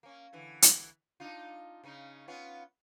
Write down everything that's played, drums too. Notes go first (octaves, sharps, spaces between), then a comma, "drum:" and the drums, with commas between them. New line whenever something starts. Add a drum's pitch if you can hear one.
A#3 C#4
F#2 D3 E3
drum: hi-hat
D4 D#4 F4
C#3 C#4 D#4
B3 C#4 F4